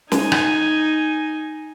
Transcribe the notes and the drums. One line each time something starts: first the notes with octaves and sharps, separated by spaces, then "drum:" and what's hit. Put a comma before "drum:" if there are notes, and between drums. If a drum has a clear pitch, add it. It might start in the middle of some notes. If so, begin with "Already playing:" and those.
D#4 G#5, drum: snare
drum: rim click